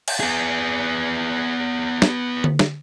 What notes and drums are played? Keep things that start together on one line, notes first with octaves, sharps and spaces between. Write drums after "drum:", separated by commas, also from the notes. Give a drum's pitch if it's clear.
drum: cymbal
B3 G#4
drum: snare
drum: tom D3
drum: snare